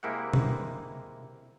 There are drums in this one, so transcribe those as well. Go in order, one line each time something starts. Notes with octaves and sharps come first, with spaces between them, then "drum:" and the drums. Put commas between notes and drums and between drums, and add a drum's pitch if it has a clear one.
C3 G#3 A#3 E4 G4 F#5
drum: tom